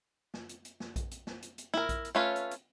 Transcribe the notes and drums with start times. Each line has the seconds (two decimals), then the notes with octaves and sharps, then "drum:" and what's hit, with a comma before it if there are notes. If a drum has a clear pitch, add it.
0.34 drum: snare
0.49 drum: hi-hat
0.65 drum: hi-hat
0.80 drum: snare
0.96 drum: kick A#1, hi-hat
1.11 drum: hi-hat
1.27 drum: snare
1.42 drum: hi-hat
1.58 drum: hi-hat
1.74 E4 A#4, drum: snare
1.89 drum: kick A#1, hi-hat
2.05 drum: hi-hat
2.15 A3 C#4 F4 B4 C#5
2.36 drum: hi-hat
2.51 drum: hi-hat